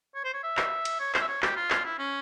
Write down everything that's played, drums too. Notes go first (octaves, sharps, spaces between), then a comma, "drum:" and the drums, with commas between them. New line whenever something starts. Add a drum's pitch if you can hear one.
C#5
C5
C#5
E5
drum: clap
drum: cymbal
C#5
C5, drum: clap
E5
C#5
G4, drum: clap
F4
drum: clap
E4
C#4